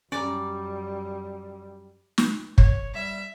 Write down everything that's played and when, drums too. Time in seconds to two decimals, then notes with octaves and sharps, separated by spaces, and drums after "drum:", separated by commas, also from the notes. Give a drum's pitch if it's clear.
0.12 F#2 G3 C#4 D5 A#5
2.18 drum: snare
2.58 C#5, drum: kick
2.94 G3 E5